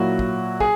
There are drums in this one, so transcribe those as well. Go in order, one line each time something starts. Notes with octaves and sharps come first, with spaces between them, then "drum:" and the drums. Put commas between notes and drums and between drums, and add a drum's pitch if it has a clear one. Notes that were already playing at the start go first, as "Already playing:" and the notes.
Already playing: A#2 F#3 A#3 E4 F#4
drum: kick
G#4, drum: kick